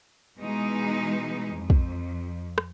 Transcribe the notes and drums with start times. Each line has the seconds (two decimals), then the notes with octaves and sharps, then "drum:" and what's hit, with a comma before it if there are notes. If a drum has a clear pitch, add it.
0.38 B2 E3 G#3 D#4
1.54 F2
1.70 drum: kick
2.58 drum: rim click